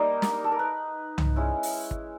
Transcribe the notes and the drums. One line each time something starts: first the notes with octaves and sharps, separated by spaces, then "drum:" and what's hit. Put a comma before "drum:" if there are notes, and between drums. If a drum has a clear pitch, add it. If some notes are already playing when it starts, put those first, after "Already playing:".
Already playing: G3 A#3 D#4 A#4
drum: snare
A4
A#4
B4
drum: tom C2
G#3 C#4 E4
drum: open hi-hat
drum: kick